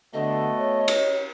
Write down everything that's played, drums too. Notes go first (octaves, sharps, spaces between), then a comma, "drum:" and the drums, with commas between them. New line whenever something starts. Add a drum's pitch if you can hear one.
D3 A3 B3 F#4 D#5
C#5
drum: cymbal